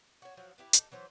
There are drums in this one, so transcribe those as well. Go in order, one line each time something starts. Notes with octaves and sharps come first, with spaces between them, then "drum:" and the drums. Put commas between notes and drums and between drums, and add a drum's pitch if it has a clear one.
F#4 C#5
F3 F#3 F#5
E4 G4 B4
D#4 A4, drum: hi-hat
E3 F#3 C5